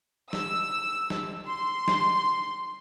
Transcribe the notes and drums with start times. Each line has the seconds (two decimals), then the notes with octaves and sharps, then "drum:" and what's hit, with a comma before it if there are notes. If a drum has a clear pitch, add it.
0.33 E6, drum: snare
1.10 drum: snare
1.48 C6
1.88 drum: snare